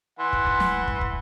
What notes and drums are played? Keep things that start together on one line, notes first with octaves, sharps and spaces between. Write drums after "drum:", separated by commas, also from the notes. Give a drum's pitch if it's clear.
E3 F#5 C6
drum: kick
drum: kick
drum: snare
drum: kick
drum: kick